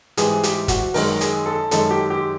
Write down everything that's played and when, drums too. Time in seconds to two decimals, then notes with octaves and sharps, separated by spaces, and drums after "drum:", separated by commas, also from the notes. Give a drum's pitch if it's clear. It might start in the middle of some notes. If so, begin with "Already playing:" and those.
0.17 G#2 E3 G3 G#4, drum: hi-hat
0.43 G4, drum: hi-hat
0.68 F#4, drum: kick G1, hi-hat
0.94 F#2 D#3 G#3 A#4, drum: open hi-hat
1.21 G#4, drum: hi-hat
1.46 A4
1.71 F#2 D#3 G#3 A4, drum: hi-hat
1.91 G4
2.10 G4